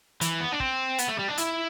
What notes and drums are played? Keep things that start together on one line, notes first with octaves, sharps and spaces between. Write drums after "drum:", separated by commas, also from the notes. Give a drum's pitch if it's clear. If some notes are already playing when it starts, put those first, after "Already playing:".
E3, drum: hi-hat
B3
D4
C4, drum: kick
B3, drum: hi-hat
A3
G3
D4
E4, drum: hi-hat